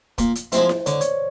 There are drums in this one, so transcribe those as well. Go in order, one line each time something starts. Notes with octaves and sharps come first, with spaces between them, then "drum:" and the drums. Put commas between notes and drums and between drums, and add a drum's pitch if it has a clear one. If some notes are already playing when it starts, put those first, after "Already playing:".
A#2, drum: kick, hi-hat
drum: hi-hat
F3 G#3 C4 E4 C5, drum: hi-hat
drum: snare E4
D3 C#5, drum: hi-hat
D5
C#5, drum: hi-hat